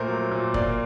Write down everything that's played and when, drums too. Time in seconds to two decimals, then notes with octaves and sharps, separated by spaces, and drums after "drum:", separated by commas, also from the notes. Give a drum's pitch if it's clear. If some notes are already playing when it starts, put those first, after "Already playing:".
Already playing: A#2 A3 A#4 C5
0.08 F#3
0.31 A#2
0.54 A#3 D5, drum: kick